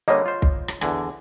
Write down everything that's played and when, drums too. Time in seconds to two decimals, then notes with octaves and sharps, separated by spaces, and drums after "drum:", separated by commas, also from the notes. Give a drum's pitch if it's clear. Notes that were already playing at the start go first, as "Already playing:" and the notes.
0.08 D3 G3 A#3 C#5 D#5
0.26 F4 C5
0.42 drum: kick
0.68 drum: rim click
0.81 E2 D3 G#5, drum: rim click